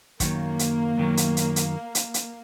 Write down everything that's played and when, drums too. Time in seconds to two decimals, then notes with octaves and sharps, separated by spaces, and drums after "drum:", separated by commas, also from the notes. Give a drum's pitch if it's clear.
0.20 F#2 D#3 F#3 A#3, drum: kick, hi-hat
0.59 drum: hi-hat
0.98 F#2 D#3 F#3
1.17 drum: hi-hat
1.37 drum: hi-hat
1.56 drum: hi-hat
1.95 drum: hi-hat
2.14 drum: hi-hat